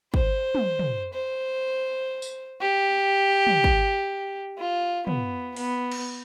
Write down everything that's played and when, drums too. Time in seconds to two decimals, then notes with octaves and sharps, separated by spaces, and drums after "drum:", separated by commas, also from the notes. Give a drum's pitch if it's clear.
0.14 C5, drum: kick
0.55 drum: tom
0.79 drum: tom
1.13 C5
2.22 drum: tambourine
2.61 G4
3.47 drum: tom
3.64 drum: kick
4.59 F4
5.07 B3, drum: tom
5.56 B3, drum: open hi-hat
5.91 drum: cymbal